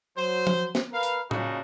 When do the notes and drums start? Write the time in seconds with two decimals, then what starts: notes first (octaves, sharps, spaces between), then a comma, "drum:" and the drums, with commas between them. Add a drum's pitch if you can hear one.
0.18 F#3 C5
0.47 drum: tom
0.75 drum: snare
0.93 A#4 B4 F5
1.03 drum: hi-hat
1.31 A#2 C#3 D4 D#4 F#4, drum: tom A2